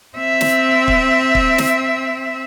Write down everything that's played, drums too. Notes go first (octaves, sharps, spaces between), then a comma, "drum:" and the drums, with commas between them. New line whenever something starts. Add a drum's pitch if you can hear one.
C4 E5
drum: snare
drum: kick
drum: kick
drum: snare